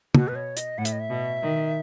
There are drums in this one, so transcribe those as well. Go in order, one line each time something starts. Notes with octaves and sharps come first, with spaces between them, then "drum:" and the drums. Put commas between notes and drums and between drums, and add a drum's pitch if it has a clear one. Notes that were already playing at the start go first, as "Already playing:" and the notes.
B2 F#4, drum: tom
B4
C#5
D#5, drum: hi-hat
A2 F#5
E5, drum: hi-hat
D#5
E5
B2
D#3